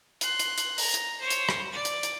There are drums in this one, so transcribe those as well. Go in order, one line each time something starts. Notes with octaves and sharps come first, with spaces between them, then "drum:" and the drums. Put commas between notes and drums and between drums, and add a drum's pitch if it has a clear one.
C6 F#6, drum: hi-hat
drum: hi-hat
drum: hi-hat
A#5, drum: open hi-hat
drum: hi-hat
C5 C#5
drum: hi-hat
drum: rim click
D5
drum: hi-hat
drum: hi-hat